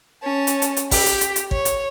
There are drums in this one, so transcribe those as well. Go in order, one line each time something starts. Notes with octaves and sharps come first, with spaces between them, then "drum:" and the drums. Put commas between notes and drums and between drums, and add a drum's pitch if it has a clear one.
C#4 A5
drum: hi-hat
drum: hi-hat
drum: hi-hat
G4, drum: kick G#1, open hi-hat
drum: hi-hat
drum: hi-hat
drum: hi-hat
C#5, drum: kick G#1
drum: hi-hat